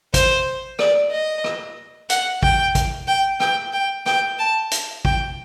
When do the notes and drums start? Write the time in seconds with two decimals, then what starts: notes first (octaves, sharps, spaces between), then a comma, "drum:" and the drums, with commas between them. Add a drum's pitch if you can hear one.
0.14 C5, drum: kick, hi-hat
0.79 D5, drum: rim click
1.11 D#5
1.44 drum: rim click
2.10 F#5, drum: hi-hat
2.43 G5, drum: kick
2.75 drum: kick, hi-hat
3.08 G5
3.40 G5, drum: rim click
3.73 G5
4.06 G5, drum: rim click
4.39 A5
4.71 drum: hi-hat
5.05 G5, drum: kick